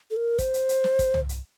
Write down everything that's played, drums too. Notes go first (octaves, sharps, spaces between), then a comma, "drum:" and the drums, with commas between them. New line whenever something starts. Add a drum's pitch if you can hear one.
A4
A#4
C5, drum: kick, hi-hat
drum: hi-hat
drum: hi-hat
drum: snare
drum: kick, hi-hat
drum: tom C2
drum: hi-hat